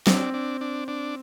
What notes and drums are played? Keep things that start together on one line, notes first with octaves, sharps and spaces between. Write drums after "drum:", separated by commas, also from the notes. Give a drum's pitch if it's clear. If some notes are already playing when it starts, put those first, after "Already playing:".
C4 D4, drum: snare
D4
D4
D4